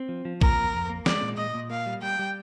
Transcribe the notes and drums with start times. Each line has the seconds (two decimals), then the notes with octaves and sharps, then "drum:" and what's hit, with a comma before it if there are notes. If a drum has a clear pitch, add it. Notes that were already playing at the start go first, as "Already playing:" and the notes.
Already playing: C4
0.09 F3
0.25 F3
0.41 A#3 A#4, drum: kick
0.57 F2
0.73 F2
0.89 A#3
1.06 G#3 D5, drum: snare
1.22 A#2
1.37 A#2 D#5
1.54 A#2
1.70 A#3 F5
1.86 G3
2.02 G3 G5
2.19 G3